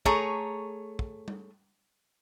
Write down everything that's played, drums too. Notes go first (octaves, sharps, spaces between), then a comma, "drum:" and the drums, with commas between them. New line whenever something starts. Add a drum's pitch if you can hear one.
A3 G#4 C#5 A#5, drum: kick
drum: kick
drum: tom G3